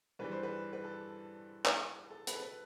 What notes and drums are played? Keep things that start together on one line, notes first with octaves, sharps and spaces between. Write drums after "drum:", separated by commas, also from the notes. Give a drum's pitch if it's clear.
G2 E3 G3 B4
C5
B4
B4
A4
drum: clap
A4
B4, drum: hi-hat
A4
B4